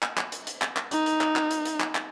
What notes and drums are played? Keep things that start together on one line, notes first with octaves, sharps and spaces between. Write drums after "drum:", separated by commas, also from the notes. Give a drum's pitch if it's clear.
drum: clap
drum: clap
drum: hi-hat
drum: hi-hat
drum: clap
drum: clap
D#4, drum: hi-hat
drum: hi-hat
drum: clap
drum: clap
drum: hi-hat
drum: hi-hat
drum: clap
drum: clap